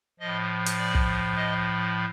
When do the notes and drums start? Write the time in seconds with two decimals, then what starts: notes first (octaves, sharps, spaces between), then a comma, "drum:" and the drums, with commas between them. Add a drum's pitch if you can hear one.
0.20 A2 F3 D#5
0.66 drum: hi-hat
0.78 D5
0.95 drum: kick
1.36 D#5